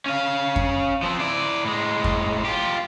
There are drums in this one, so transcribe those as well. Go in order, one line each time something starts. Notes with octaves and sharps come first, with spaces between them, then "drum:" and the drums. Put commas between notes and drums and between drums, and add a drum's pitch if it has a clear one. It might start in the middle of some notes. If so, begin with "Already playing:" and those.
C#4 F5
drum: kick F2
F3 C4
E4 D5
A2 G#3
drum: kick F2
F4 G4